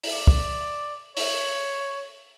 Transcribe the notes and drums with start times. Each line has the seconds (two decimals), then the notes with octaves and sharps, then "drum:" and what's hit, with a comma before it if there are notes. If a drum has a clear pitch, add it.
0.03 drum: open hi-hat
0.13 D5
0.27 drum: kick
1.17 C#5, drum: open hi-hat